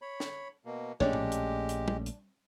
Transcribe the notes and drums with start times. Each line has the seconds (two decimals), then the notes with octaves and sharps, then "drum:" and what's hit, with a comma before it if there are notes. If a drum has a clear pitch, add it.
0.02 C#5 B5
0.20 drum: snare
0.65 B2 A#3
1.00 A#1 G#3 A3 C#4 D4 G4 C#5
1.13 drum: tom A2
1.32 drum: hi-hat
1.69 drum: hi-hat
1.88 drum: tom
2.06 drum: hi-hat